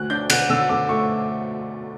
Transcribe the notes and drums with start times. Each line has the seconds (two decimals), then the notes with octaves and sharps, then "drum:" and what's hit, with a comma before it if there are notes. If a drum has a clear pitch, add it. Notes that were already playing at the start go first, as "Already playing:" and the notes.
Already playing: D2 F#6
0.10 D4 G6
0.30 D3 F#6, drum: cymbal
0.50 D3 E6
0.69 D3 D6
0.89 A3 C#6